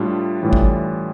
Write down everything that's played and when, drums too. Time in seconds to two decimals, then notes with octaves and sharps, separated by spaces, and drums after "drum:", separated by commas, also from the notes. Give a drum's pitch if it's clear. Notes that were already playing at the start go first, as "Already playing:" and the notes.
Already playing: A2 G3 D4 F4
0.42 A2 E3 G3
0.53 drum: kick G#1